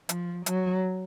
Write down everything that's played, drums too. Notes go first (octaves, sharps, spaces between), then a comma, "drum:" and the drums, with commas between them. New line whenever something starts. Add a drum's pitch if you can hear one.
F3, drum: hi-hat
F#3, drum: hi-hat